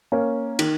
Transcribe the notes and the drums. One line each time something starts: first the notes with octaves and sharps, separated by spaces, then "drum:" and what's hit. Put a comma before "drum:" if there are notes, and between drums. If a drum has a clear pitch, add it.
A#3 C#4
D#3, drum: cymbal